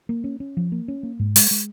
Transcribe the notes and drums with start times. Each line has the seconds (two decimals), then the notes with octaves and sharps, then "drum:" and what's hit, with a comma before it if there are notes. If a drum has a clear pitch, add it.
0.09 A#3
0.24 C#4
0.40 C#4
0.57 F3
0.72 A#3
0.88 C#4
1.03 A#3
1.19 G#2
1.36 G#3, drum: open hi-hat
1.51 G#3